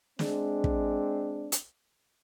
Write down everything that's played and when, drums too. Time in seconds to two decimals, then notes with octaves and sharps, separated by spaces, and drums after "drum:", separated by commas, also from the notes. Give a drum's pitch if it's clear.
0.19 G#3 C4 D4, drum: snare
0.64 drum: kick
1.52 drum: hi-hat